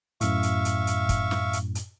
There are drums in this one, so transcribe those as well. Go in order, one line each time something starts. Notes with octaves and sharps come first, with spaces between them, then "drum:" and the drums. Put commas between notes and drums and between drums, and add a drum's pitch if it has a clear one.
F#2 A2 E5 F5 C#6, drum: hi-hat
drum: hi-hat
drum: hi-hat
drum: hi-hat
drum: kick, hi-hat
drum: snare
drum: hi-hat
drum: hi-hat